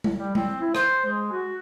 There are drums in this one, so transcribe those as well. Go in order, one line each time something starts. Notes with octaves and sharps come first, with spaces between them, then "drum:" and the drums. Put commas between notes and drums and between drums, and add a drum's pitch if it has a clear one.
drum: tom G#3
G3
C4, drum: tom G#3
E4
C5, drum: rim click
G#3
F#4